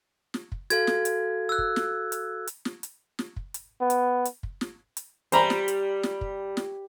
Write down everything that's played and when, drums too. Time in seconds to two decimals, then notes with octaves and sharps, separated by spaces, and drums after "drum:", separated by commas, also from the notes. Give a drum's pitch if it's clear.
0.34 drum: snare
0.52 drum: kick
0.70 F#4 A4 F5 G#6, drum: hi-hat
0.87 drum: snare
1.05 drum: hi-hat
1.49 E6 F#6
1.58 drum: kick
1.76 drum: snare
2.12 drum: hi-hat
2.47 drum: hi-hat
2.65 drum: snare
2.83 drum: hi-hat
3.19 drum: snare
3.36 drum: kick
3.54 drum: hi-hat
3.81 B3
3.90 drum: hi-hat
4.25 drum: hi-hat
4.43 drum: kick
4.61 drum: snare
4.97 drum: hi-hat
5.32 G3 C5 A#5 B5, drum: hi-hat
5.50 drum: snare
5.68 drum: hi-hat
6.03 drum: snare
6.21 drum: kick
6.57 drum: snare